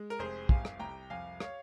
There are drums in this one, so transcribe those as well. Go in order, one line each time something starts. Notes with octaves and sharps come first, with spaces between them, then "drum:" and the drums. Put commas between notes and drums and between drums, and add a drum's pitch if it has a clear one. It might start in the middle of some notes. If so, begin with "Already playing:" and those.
Already playing: G#3
A#4
F1 G#4 C5
C2 F5 G#5, drum: kick
drum: rim click
C2 G5 A#5
F2 F5 G#5
C#5 F5, drum: rim click